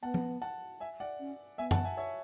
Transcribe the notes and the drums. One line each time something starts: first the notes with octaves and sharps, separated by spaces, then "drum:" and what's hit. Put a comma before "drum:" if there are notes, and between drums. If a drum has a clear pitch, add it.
B3 F#5 A5
drum: tom F3
F#5 A5
E5 G#5
D5 F#5
C#4
B3 E5 G#5
F#5 A5, drum: tom F#2
E5 G#5
C#5 E5